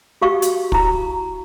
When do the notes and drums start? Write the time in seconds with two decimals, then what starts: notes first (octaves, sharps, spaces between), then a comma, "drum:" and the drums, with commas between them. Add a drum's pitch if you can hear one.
0.22 F#4 G4 F5 C#6
0.42 drum: hi-hat
0.72 E4 A#5, drum: kick